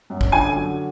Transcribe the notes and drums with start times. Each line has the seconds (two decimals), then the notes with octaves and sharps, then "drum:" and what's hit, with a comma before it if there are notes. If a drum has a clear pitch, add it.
0.10 F#2
0.21 drum: kick
0.32 D3 G#5
0.56 F#3